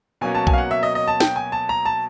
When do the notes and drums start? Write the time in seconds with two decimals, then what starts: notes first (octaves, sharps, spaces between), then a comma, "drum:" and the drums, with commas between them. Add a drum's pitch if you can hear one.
0.21 B2 F#3 A#3 C#4 G#5
0.35 A5
0.47 G#5, drum: kick B1
0.54 F5
0.58 F#5
0.71 E5
0.83 D#5
0.95 D#5
1.08 A5
1.20 G5, drum: snare
1.36 G#5
1.52 A5
1.69 A#5
1.85 A5